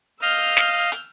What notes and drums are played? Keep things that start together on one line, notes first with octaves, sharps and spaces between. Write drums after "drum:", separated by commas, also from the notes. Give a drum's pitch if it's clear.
D#5 F5 E6 F6 G6
drum: snare
drum: hi-hat